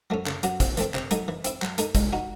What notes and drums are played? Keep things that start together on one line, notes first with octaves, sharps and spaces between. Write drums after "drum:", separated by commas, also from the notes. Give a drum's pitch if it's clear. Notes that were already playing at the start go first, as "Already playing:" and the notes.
F#3 A3 C#4
C#3, drum: clap
F#3 C#4 F#4, drum: hi-hat
C3, drum: kick, hi-hat
E3 A3 C4, drum: hi-hat
C3, drum: clap
F#3 A3 D#4 G#4, drum: hi-hat
E3
C4 E4, drum: hi-hat
F#3, drum: clap
A3 D#4 G#4, drum: hi-hat
G#3, drum: kick, hi-hat
D#4 F#4